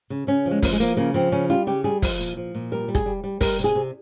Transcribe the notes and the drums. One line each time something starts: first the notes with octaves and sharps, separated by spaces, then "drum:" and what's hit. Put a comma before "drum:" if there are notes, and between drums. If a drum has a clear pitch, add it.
C#3
C#3 C#4
F3
G#3
F3 A#3, drum: kick, open hi-hat
G#3
F3 A#3
C#3 A#3
F3 C4
C#3 C#4
G3 F4
C#3 G4
G3 G#4
F3, drum: kick, open hi-hat
A#2
F3
A#2
G3 A#4
G3
G#4, drum: kick, hi-hat
G3
G3
G3 A#4, drum: kick, open hi-hat
C3
G#4
C3